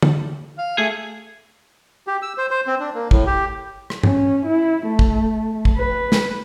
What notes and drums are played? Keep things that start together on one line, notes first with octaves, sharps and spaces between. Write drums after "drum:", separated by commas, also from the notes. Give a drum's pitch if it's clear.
drum: tom
F5
A3 G#4
G4
E6
C5
C5
C4
D4
A#3
A2, drum: kick
G4
drum: rim click
C#4, drum: tom G2
E4
A3
drum: kick
drum: kick
B4
drum: snare